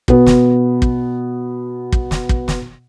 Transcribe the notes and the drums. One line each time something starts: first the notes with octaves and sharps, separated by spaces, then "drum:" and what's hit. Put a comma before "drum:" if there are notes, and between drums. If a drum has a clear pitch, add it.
B2 B3, drum: kick
drum: snare
drum: kick
drum: kick
drum: snare
drum: kick
drum: snare